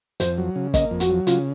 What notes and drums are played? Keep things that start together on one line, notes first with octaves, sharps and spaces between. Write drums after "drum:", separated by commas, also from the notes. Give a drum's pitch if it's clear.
F2 C5, drum: hi-hat
F#3
C#3
A#3 D#5, drum: kick, hi-hat
F2
F#4, drum: hi-hat
F#3
C#3 F4, drum: hi-hat